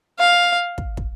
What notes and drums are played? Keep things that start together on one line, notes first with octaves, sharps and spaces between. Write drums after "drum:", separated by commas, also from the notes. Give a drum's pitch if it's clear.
F5
drum: kick
drum: kick